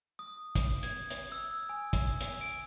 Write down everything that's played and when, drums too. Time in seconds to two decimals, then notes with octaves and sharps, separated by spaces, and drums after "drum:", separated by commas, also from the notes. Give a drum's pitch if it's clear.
0.19 D#6
0.55 drum: kick, hi-hat
0.83 G#6, drum: hi-hat
1.10 drum: hi-hat
1.32 E6
1.69 G#5
1.93 drum: kick, hi-hat
2.21 drum: hi-hat
2.41 D7